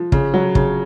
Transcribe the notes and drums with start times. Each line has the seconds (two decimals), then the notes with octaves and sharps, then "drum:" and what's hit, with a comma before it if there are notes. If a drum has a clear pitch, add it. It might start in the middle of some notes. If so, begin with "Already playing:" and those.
Already playing: F3
0.12 C#3, drum: kick
0.34 F#3
0.55 C#3, drum: kick